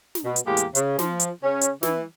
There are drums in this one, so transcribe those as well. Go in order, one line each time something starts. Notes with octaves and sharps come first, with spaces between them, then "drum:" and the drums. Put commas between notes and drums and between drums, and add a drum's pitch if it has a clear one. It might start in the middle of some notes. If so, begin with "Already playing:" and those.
drum: snare
B2
drum: hi-hat
E2 A2 G#3 A#3 G4
drum: hi-hat
C#3, drum: hi-hat
F3, drum: snare
drum: hi-hat
C#3 C#4
drum: hi-hat
E3, drum: snare